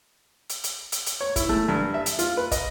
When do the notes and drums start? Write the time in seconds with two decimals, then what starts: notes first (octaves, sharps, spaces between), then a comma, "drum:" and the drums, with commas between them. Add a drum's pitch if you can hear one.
0.49 drum: hi-hat
0.64 drum: hi-hat
0.92 drum: hi-hat
1.06 drum: hi-hat
1.21 C#5
1.36 E4, drum: kick, hi-hat
1.49 A3
1.68 G2
1.94 E5
2.06 drum: hi-hat
2.19 F4, drum: hi-hat
2.37 B4
2.52 D#5, drum: kick, hi-hat